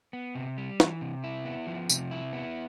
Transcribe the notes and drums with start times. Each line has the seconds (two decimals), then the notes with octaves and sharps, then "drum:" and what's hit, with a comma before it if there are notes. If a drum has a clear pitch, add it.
0.13 B3
0.35 C3
0.58 G3
0.80 E3, drum: snare
1.01 C3
1.24 E4
1.45 B3
1.67 F3
1.89 C3, drum: tambourine
2.11 E4
2.33 B3